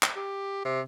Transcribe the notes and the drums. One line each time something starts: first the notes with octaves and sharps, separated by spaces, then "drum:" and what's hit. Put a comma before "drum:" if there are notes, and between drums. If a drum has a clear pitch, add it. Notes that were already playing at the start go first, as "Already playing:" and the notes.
drum: clap
G4
C3